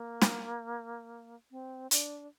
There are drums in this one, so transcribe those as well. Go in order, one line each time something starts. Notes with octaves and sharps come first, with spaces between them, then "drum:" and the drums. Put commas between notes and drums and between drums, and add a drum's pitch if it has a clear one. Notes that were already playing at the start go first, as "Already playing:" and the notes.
Already playing: A#3
drum: snare
C4
D4, drum: hi-hat